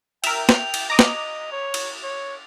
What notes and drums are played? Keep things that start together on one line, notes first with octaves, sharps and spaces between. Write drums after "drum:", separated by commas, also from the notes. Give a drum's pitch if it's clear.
A#4 E5 G5 F7, drum: cymbal
drum: snare
drum: cymbal
D#5 A#5 D6 D#6
drum: snare
C#5
drum: cymbal
C#5